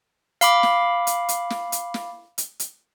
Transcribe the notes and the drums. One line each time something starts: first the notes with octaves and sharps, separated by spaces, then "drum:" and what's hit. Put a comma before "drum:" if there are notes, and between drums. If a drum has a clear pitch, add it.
F5 B5 D6, drum: hi-hat
drum: snare
drum: hi-hat
drum: hi-hat
drum: snare
drum: hi-hat
drum: snare
drum: hi-hat
drum: hi-hat